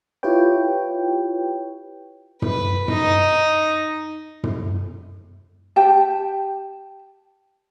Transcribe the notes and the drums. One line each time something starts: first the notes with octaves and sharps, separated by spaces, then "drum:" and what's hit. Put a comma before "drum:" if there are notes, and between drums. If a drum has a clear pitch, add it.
E4 F4 G4 B4 C#5 G5
B4, drum: tom
D#4, drum: tom
drum: tom
G4 G5 A5